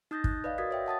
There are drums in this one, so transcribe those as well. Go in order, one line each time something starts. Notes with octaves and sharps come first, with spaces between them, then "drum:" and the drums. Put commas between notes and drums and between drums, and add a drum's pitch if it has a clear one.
D#4 D#6 G6 A6 A#6
F#6, drum: kick
B4 D5 D#5 F5
F#4 A#4 D#6 G#6 A6 B6
C#5 E5 G5
F#5 A5 D#6 A6